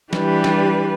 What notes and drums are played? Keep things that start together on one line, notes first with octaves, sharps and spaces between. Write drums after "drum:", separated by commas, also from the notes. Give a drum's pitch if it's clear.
E3 G3 D4 G4 B4, drum: snare
drum: snare